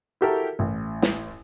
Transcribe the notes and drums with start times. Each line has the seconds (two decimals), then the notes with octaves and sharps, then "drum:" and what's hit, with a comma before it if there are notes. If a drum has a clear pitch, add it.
0.21 E4 F#4 G4 A4 A#4
0.59 A1
1.02 drum: snare